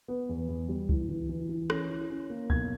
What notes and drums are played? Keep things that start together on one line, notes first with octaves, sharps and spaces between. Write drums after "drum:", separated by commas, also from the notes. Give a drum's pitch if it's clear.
B3
E2
E2
G3
E3, drum: kick C2
E3
E3
E3
C#4 A#6, drum: rim click
E4
C#4
A#3
B1 G#6, drum: kick C2